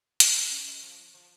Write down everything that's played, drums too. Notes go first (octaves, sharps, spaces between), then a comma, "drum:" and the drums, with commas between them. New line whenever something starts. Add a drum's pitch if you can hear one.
B3, drum: hi-hat
C#4
C#4
G#3
F3
F3